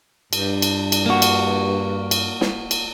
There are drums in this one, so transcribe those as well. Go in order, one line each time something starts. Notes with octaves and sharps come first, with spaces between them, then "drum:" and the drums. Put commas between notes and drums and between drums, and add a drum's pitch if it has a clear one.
G2, drum: cymbal
drum: cymbal
drum: cymbal
A#3 F#4
drum: cymbal
drum: cymbal
drum: snare
drum: cymbal